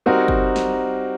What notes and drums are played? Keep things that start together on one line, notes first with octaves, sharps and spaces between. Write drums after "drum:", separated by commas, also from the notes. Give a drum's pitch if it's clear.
G3 C4 D#4 F#4 A#4
drum: kick F#1
drum: snare